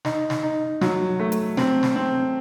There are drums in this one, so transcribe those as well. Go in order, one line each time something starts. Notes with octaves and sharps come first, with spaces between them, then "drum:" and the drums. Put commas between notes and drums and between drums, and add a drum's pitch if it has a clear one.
D#4, drum: snare
drum: snare
D#4
F#3, drum: snare
A3
drum: hi-hat
C4, drum: snare
drum: snare
C4